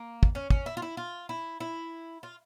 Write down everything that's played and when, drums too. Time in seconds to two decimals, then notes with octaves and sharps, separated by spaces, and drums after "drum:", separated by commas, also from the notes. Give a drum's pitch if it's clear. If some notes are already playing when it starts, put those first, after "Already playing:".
Already playing: A#3
0.23 drum: kick
0.35 C#4
0.50 C#4, drum: kick
0.66 E4
0.77 F4
0.82 E4
0.97 F4
1.29 E4
1.60 E4
2.23 F4